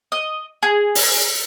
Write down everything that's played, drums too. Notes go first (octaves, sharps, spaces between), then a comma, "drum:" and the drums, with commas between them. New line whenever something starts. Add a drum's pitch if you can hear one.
D#5
G#4
drum: open hi-hat